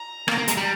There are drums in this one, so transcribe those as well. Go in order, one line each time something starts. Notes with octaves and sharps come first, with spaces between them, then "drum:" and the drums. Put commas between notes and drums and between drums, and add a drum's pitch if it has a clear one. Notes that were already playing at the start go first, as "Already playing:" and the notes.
Already playing: A#5
A#3, drum: rim click
A#3
G#3, drum: hi-hat
G3